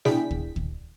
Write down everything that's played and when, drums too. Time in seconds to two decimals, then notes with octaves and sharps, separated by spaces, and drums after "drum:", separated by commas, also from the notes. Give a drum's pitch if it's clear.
0.05 B2 D4 E4 G#4 G5 B6, drum: snare
0.31 drum: kick
0.56 drum: kick